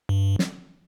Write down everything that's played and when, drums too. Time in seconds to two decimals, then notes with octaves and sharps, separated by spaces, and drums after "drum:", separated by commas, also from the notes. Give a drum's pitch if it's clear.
0.09 G2
0.39 drum: snare